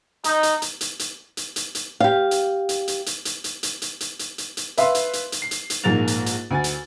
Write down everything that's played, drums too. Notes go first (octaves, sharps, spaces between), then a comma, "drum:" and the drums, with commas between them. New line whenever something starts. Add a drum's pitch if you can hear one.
D#4, drum: hi-hat
drum: hi-hat
drum: hi-hat
drum: hi-hat
drum: hi-hat
drum: hi-hat
drum: hi-hat
drum: hi-hat
G4 F5
drum: hi-hat
drum: hi-hat
drum: hi-hat
drum: hi-hat
drum: hi-hat
drum: hi-hat
drum: hi-hat
drum: hi-hat
drum: hi-hat
drum: hi-hat
drum: hi-hat
drum: hi-hat
B4 E5 F5 C6, drum: hi-hat
drum: hi-hat
drum: hi-hat
drum: hi-hat
C7
drum: hi-hat
drum: hi-hat
A#1 G#2 A#3 A6 F7
drum: hi-hat
drum: hi-hat
D2 G#5 A6
drum: hi-hat